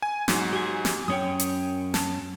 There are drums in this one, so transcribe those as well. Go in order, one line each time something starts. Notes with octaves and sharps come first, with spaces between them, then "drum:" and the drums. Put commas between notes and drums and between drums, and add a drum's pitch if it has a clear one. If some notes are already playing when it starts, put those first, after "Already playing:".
G#5
G#2 F#3, drum: snare
G4 G#5
drum: snare
F#2 C#4 C#5 G5 D#6
drum: hi-hat
A5, drum: snare